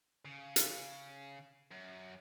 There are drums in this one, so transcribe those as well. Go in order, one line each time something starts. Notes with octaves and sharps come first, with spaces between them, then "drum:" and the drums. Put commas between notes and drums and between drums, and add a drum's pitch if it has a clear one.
C#3
drum: hi-hat
F#2